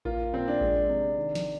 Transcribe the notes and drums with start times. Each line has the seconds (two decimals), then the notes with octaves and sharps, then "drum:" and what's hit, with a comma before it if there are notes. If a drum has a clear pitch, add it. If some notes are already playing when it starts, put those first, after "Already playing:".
0.05 A#3 F4, drum: kick A1
0.33 A#2 C4
0.48 D4
0.61 G#3, drum: kick A1
0.90 C3
1.17 D#3
1.35 drum: snare